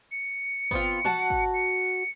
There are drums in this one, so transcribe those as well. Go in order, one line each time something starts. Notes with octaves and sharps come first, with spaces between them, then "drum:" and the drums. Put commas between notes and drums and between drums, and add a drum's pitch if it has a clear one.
C#7
B3 C4 F4, drum: kick G#1
F#4 F#5 A5, drum: tom E3
drum: kick G#1
C#7